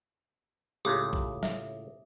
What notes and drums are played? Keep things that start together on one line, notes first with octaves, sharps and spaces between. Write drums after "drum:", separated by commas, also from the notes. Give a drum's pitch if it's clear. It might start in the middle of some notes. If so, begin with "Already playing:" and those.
C#2 A2 C#3 G4 D6 D#6
drum: kick
E5, drum: snare